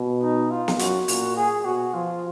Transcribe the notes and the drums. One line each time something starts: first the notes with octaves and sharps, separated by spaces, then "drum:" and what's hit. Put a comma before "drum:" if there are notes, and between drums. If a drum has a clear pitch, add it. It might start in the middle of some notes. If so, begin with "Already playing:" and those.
Already playing: B2
D#4
F4
drum: snare
F#2 F#4, drum: hi-hat
A#2, drum: open hi-hat
G#4
B2 F#4
F3 F4